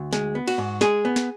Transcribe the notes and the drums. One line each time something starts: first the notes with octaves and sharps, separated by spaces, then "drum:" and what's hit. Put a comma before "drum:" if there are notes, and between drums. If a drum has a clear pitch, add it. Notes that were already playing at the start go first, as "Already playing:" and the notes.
Already playing: D2
G#3, drum: snare
B3
F#4, drum: cymbal
G#2
G#3 G#4, drum: snare
B3
drum: snare